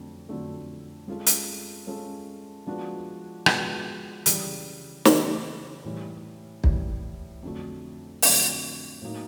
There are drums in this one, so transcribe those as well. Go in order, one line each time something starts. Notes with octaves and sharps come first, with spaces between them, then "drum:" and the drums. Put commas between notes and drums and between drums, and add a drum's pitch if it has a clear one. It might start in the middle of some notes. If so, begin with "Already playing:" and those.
Already playing: F2 D3 F#3 A3
F2 D3 F#3 A3
G#3 C#4 F4 A4
drum: hi-hat
G#3 C#4 F4 A4
F3 G#3 B3 D4 F#4
F3 G#3 B3 D4 F#4, drum: rim click
C#3 E3 G3, drum: hi-hat
C#3 E3 G3, drum: snare
A2 E3 G3
A2 E3 G3, drum: kick
F2 D3 F#3 A3
F2 D3 F#3 A3, drum: open hi-hat
A2 F#3 A#3 D#4